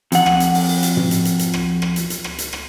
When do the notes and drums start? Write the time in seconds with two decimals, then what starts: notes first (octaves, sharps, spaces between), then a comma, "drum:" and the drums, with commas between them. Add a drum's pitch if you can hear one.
0.12 F2 F#5, drum: hi-hat
0.26 drum: rim click
0.40 drum: hi-hat
0.54 drum: open hi-hat
0.69 drum: open hi-hat
0.83 drum: hi-hat
0.97 drum: tom
1.11 drum: hi-hat
1.25 drum: hi-hat
1.39 drum: hi-hat
1.53 drum: rim click
1.82 drum: rim click
1.96 drum: hi-hat
2.10 drum: hi-hat
2.24 drum: rim click
2.38 drum: hi-hat
2.53 drum: rim click